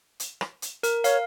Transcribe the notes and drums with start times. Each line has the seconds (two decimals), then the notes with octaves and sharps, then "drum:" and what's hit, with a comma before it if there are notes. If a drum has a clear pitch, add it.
0.20 drum: hi-hat
0.41 drum: rim click
0.62 drum: hi-hat
0.83 A#4, drum: hi-hat
1.04 C#5 F5, drum: hi-hat